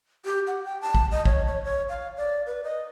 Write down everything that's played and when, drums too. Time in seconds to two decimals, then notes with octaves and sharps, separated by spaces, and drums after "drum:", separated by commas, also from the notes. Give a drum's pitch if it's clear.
0.25 G4
0.47 F#5
0.65 G5
0.81 A5
0.95 drum: kick
1.11 D#5
1.25 C#5, drum: kick
1.47 C#5
1.64 C#5
1.89 F5
2.17 D5
2.46 B4
2.64 D#5